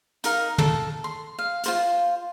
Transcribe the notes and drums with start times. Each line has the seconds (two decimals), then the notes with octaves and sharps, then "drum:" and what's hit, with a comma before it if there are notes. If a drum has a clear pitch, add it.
0.24 D#4 A#4 F5, drum: hi-hat
0.58 A4, drum: tom
1.04 C6
1.39 F5
1.64 F4 C5 F5, drum: hi-hat